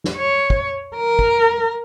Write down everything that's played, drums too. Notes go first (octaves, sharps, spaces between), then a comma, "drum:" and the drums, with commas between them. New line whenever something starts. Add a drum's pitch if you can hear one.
drum: snare
C#5
drum: kick
A#4
drum: kick